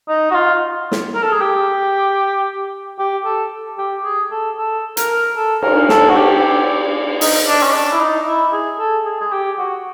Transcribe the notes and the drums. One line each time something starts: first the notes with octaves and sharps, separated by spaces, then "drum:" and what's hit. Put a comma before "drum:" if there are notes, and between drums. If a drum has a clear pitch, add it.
D#4
F#4
F4
drum: snare
A#4
A4
G#4
G4
G4
A4
G4
G#4
A4
A4
A#4, drum: hi-hat
A4
A#4, drum: cymbal
A4, drum: snare
F#4
G4
D#4, drum: open hi-hat
D4
C#4
D4
E4
D#4
E4
G#4
A4
G#4
G#4
G4
F#4